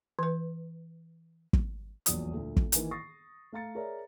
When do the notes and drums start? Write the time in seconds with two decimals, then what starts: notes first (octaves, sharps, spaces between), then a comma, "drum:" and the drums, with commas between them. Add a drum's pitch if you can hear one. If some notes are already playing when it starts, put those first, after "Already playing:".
0.19 E3 B4
1.53 drum: kick
2.06 D#1 A#1 E2 F#3 D5 D#6, drum: hi-hat
2.33 D2 A#2
2.56 drum: kick
2.72 D#3 E3 A#3 G#5, drum: hi-hat
2.91 C#6 D#6 A6 A#6 C7
3.52 A3 F5 A#5 A6 C#7
3.75 G#4 A#4 C#5 D5 E5 A#5